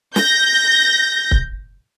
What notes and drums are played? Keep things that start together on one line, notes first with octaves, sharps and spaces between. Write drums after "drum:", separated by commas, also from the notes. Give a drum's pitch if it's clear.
G6 A#6, drum: snare
drum: kick C#1